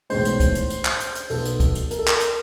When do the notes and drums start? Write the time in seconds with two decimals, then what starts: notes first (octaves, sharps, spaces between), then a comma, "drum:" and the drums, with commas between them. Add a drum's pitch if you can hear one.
0.10 B1 A2 E3 G#3 C5, drum: open hi-hat
0.25 drum: hi-hat
0.40 drum: kick, hi-hat
0.55 drum: hi-hat
0.70 drum: hi-hat
0.85 drum: clap
1.00 drum: hi-hat
1.15 drum: hi-hat
1.30 B1 B2 F#3 B3 A4, drum: open hi-hat
1.45 drum: hi-hat
1.60 drum: kick, hi-hat
1.75 drum: hi-hat
1.91 A#4, drum: hi-hat
1.99 A4
2.08 A#4, drum: clap
2.20 drum: hi-hat